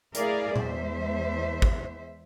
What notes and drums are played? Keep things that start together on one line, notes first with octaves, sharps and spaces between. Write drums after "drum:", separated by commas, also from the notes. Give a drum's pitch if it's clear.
A3 E4 G#4 A#4 D5 F5, drum: hi-hat
E2 G#3 C5 E5, drum: tom A#2
drum: kick G#1